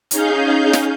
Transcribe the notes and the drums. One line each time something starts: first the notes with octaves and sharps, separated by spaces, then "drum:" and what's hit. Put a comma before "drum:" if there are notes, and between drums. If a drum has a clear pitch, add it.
C#4 D#4 G#4 F5 G6, drum: hi-hat
drum: snare